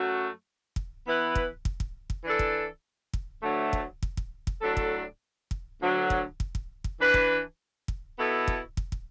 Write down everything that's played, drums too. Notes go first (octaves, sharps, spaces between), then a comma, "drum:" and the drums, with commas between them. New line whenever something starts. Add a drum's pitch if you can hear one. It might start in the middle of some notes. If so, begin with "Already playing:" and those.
Already playing: F#2 F#3 A3 F#4
drum: kick
E3 B3 E4 B4
drum: kick
drum: kick
drum: kick
drum: kick
E3 D4 A4
drum: kick
drum: kick
D2 D3 F#3 A3
drum: kick
drum: kick
drum: kick
drum: kick
A2 F#3 D4 A4
drum: kick
drum: kick
D2 D3 F#3
drum: kick
drum: kick
drum: kick
drum: kick
E3 D4 B4
drum: kick
drum: kick
B2 B3 E4 A4
drum: kick
drum: kick
drum: kick